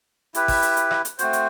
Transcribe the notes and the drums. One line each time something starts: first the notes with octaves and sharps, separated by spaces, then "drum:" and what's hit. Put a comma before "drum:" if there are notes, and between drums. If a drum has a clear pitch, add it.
E4 G4 B4, drum: hi-hat
drum: kick G#1, open hi-hat
drum: hi-hat
drum: hi-hat
drum: rim click
drum: hi-hat
A3 C4 F#4 C5, drum: hi-hat
drum: hi-hat